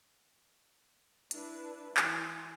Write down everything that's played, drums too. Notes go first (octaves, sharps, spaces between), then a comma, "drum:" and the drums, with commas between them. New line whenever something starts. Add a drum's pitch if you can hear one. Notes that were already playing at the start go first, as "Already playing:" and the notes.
D4 E4 B4, drum: hi-hat
E3 G#5 C6, drum: clap